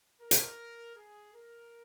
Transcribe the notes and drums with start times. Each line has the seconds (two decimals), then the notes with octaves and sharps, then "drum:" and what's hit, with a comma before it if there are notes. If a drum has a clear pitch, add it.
0.21 A#4
0.31 drum: hi-hat
0.96 G#4
1.34 A#4